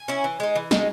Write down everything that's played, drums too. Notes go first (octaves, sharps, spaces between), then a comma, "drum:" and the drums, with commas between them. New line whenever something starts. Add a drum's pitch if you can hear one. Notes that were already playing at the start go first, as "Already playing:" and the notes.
Already playing: G#5
C#4 E4
E3
G#3 D#4
E3
G#3 D#4, drum: snare